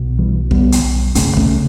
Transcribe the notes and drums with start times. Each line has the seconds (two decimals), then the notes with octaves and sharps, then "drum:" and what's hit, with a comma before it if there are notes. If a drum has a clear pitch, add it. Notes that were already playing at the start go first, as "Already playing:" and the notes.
Already playing: B1 B2
0.18 E3 G3
0.51 G3 B3, drum: kick
0.72 drum: hi-hat
1.15 G1 F#2 C#3 A3 C#4, drum: hi-hat
1.37 A3 C#4, drum: kick